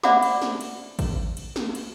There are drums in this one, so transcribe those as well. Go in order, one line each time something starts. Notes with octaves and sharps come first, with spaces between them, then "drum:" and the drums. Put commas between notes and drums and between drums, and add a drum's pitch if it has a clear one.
C5 D5 E5 F#5 B5 D6, drum: snare
drum: cymbal
drum: snare
drum: cymbal
drum: kick G#1, cymbal
drum: cymbal
drum: snare
drum: cymbal